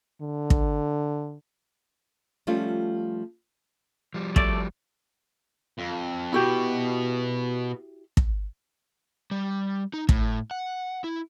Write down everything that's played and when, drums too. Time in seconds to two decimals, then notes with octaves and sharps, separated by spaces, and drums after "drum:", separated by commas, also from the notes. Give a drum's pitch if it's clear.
0.22 D3
0.50 drum: kick
2.47 F3 G3 A3 C#4 F4
4.14 F3 G3
4.36 A3 A4 D5, drum: kick
5.78 F2
6.32 B2 B3 E4 F#4 G4
8.17 drum: kick
9.31 G3
9.93 D#4
10.09 A2, drum: kick
10.51 F#5
11.04 E4